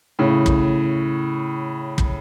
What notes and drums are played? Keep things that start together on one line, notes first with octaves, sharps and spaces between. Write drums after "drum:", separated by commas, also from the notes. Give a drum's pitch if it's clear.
A2 C#3
drum: kick
drum: kick